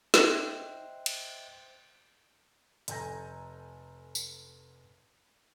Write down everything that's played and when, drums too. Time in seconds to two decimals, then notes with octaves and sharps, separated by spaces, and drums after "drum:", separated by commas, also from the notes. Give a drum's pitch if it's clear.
0.14 C5 D#5 E5 G5 C6 F#6, drum: snare
1.06 drum: cymbal
2.88 F1 A4 G#5 A#5 G6 A#6, drum: hi-hat
4.15 drum: tambourine